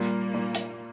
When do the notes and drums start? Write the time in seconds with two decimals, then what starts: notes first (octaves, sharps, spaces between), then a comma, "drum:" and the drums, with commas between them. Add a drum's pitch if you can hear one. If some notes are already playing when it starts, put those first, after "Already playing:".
Already playing: A#2 G3 A#3
0.34 A#2
0.55 drum: hi-hat